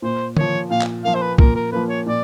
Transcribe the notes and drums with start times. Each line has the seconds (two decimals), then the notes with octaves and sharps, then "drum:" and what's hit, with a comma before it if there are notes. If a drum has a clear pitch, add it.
0.02 A#2 C5
0.37 F3 A#3 C#5, drum: tom
0.70 A#2 F5
0.81 drum: clap
1.05 F3 A#3 F5
1.15 C5
1.22 B4
1.38 A#2 A#4, drum: kick
1.55 A#4
1.72 F3 A#3 B4
1.89 C#5
2.06 A#2 D5